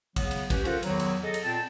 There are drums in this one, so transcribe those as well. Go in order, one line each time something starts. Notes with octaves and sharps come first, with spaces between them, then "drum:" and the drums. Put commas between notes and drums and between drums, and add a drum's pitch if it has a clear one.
C#3 F#3 B3, drum: kick, cymbal
drum: cymbal
C#4 G4 B4, drum: kick, cymbal
F4 A4 A#4 C5 F#5, drum: cymbal
E2 D#3 F#3, drum: cymbal
drum: cymbal
G#4 A4 D#5
drum: cymbal
A#2 C4 A5